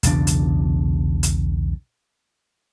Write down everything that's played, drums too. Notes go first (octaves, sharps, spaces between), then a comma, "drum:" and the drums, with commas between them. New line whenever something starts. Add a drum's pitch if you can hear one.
B1 E2 C#3 D4, drum: hi-hat
drum: hi-hat
drum: hi-hat